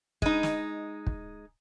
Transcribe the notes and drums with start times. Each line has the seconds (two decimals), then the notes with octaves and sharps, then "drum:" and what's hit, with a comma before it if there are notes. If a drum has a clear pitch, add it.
0.22 G#3 D#4, drum: kick
0.43 drum: snare
1.07 drum: kick